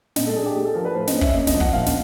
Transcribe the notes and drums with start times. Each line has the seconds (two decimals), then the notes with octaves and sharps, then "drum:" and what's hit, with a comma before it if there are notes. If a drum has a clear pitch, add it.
0.16 A#2 D#5, drum: snare
0.26 A4
0.35 D4 G#4
0.46 G4
0.55 A3 G#4
0.65 A4
0.75 F3 A#4
0.85 B4
0.94 A2 C5
1.07 D#5, drum: snare
1.15 C#4
1.21 E5, drum: kick
1.34 A#3 D#5
1.47 D#5, drum: snare
1.54 F3
1.60 F#5, drum: kick
1.73 A#2 F5
1.86 drum: snare